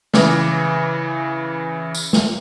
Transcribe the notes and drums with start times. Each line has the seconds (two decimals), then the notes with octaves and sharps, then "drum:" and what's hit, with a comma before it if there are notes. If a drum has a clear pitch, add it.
0.14 C#3 E3 D6, drum: snare
1.95 drum: tambourine
2.13 drum: snare